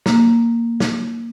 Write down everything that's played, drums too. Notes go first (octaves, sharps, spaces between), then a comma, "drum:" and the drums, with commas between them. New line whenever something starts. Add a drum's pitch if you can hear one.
A#3, drum: snare
drum: snare